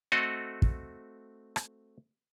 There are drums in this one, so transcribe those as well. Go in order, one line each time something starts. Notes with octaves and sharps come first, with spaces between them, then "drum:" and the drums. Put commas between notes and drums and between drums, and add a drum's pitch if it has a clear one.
A3 C4 F#4 A4 D#5
drum: kick
drum: rim click